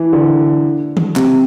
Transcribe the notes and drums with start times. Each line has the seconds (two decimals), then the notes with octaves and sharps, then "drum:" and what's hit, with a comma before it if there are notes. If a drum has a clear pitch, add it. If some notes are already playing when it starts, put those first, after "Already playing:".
Already playing: E3
0.13 D3
0.97 drum: tom D#3
1.16 C3, drum: clap